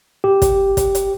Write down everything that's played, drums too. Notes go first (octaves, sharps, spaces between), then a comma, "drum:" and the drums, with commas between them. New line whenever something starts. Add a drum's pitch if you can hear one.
G4
drum: kick, hi-hat
drum: kick, hi-hat
drum: hi-hat